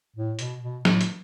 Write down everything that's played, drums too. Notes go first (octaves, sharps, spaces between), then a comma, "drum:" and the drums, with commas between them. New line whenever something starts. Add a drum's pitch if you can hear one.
A2
B2, drum: hi-hat
B2
A2, drum: snare F#3
drum: hi-hat